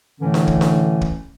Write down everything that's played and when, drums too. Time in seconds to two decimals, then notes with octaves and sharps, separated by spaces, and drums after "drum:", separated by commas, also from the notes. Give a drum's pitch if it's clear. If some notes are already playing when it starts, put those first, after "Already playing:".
0.20 A2 D3 E3 A3 C#4
0.34 drum: snare D4
0.47 drum: kick
0.61 drum: snare D4
1.01 drum: kick